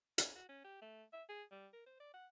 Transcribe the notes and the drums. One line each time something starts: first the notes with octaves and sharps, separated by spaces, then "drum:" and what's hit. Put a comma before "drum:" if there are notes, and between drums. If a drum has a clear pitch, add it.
C#4, drum: hi-hat
F#4
C#4
G4
A3
E5
G#4
G3
A#4
C5
D5
F#5